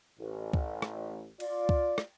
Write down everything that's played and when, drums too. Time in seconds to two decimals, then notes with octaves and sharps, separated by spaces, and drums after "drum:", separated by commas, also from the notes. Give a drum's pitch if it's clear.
0.20 A1
0.54 drum: kick C#2
0.82 drum: rim click
1.40 F4 D5, drum: cymbal
1.69 drum: kick C#2
1.98 drum: rim click